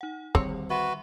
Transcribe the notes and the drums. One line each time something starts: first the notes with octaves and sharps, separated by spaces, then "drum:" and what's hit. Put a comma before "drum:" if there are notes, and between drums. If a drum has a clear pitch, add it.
D#4 F#5
D3 D#3 G3 C4 C#5, drum: kick
F#4 B4 E5 C6